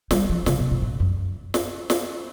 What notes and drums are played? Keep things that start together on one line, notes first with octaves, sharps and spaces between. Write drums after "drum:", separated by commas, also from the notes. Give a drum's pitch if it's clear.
G3, drum: snare
F3
C#3, drum: snare
B2
A#2
A2
F#2
drum: snare
drum: snare